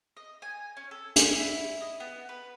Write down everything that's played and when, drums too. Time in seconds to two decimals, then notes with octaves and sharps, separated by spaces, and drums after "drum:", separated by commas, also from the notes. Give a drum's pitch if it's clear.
0.17 D#5
0.42 G#5
0.77 C#4
0.91 A4
1.16 G#4, drum: hi-hat
1.39 E4
1.81 D#5
2.00 B3
2.29 B4